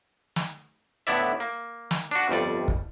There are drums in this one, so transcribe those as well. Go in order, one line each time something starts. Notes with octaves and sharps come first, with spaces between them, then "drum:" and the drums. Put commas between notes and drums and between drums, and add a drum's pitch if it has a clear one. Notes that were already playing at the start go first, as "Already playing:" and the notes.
drum: snare
A2 D3 B3 E4 D5 E5
A#3
drum: snare
D4 F#4
G1 F2 G3 D5
drum: kick